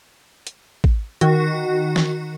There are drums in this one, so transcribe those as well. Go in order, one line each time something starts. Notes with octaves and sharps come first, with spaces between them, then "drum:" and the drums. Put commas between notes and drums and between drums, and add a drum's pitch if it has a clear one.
drum: hi-hat
drum: kick
D#3 F#4, drum: hi-hat
drum: snare